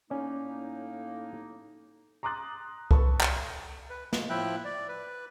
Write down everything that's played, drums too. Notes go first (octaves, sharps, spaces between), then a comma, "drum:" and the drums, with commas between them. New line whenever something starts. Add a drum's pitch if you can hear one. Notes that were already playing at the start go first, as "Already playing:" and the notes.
A2 A#3 C#4 D#4 D5
A#5 C6 D6 D#6 F#6 A6
A4 B4 C#6, drum: kick C2
drum: clap
B4
G#3, drum: snare
A2 F3 E4 E5 G5 F#6
D5
B4